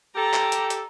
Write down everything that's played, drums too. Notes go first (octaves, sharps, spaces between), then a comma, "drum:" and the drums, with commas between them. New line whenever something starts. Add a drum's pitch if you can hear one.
G4 A4 A#5
drum: clap
drum: hi-hat
drum: hi-hat